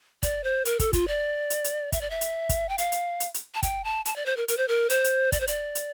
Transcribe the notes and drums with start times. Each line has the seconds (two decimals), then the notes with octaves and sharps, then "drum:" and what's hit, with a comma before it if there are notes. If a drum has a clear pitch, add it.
0.23 D5, drum: kick, hi-hat
0.44 C5
0.65 A#4, drum: hi-hat
0.79 A4, drum: kick, hi-hat
0.93 F4, drum: kick, hi-hat
1.08 D5
1.50 drum: hi-hat
1.64 drum: hi-hat
1.92 E5, drum: kick, hi-hat
2.01 D5
2.10 E5
2.21 drum: hi-hat
2.49 drum: kick, hi-hat
2.69 G5
2.78 F5, drum: hi-hat
2.92 drum: hi-hat
3.20 drum: hi-hat
3.34 drum: hi-hat
3.54 A5
3.63 G5, drum: kick, hi-hat
3.84 A5
4.05 A5, drum: hi-hat
4.16 D5
4.26 C5
4.37 A#4
4.48 A#4, drum: hi-hat
4.57 C5
4.68 A#4
4.90 C5, drum: hi-hat
5.04 drum: hi-hat
5.32 D5, drum: kick, hi-hat
5.40 C5
5.47 D5, drum: hi-hat
5.75 drum: hi-hat